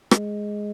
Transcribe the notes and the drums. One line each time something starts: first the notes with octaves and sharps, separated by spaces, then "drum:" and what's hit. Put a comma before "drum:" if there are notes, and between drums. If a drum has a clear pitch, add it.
G#3, drum: rim click